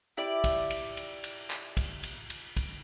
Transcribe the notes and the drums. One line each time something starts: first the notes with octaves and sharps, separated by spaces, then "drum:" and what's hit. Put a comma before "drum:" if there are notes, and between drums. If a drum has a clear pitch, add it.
E4 G4 D5
drum: kick, cymbal
drum: cymbal
drum: cymbal
drum: cymbal
drum: clap
drum: kick, cymbal
drum: cymbal
drum: cymbal
drum: kick, cymbal